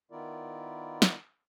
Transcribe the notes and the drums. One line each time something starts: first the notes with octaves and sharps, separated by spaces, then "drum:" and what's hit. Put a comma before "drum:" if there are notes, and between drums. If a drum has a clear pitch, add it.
D#3 B3 E4 F4 A#4 D5
drum: snare